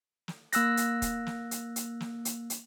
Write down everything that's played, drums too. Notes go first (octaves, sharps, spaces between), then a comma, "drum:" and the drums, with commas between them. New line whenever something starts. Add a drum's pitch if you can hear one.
drum: snare
A#3 E6 F#6 A#6, drum: hi-hat
drum: hi-hat
drum: kick, hi-hat
drum: snare
drum: hi-hat
drum: hi-hat
drum: snare
drum: hi-hat
drum: hi-hat